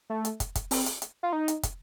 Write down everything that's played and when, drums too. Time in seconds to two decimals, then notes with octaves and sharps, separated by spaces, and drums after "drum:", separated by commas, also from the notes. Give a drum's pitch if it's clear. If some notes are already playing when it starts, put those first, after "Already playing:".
0.10 A3
0.25 drum: hi-hat
0.40 drum: kick, hi-hat
0.55 drum: kick, hi-hat
0.71 C4, drum: open hi-hat
0.86 drum: hi-hat
1.02 drum: hi-hat
1.23 F4
1.33 D#4
1.48 drum: hi-hat
1.63 drum: kick, hi-hat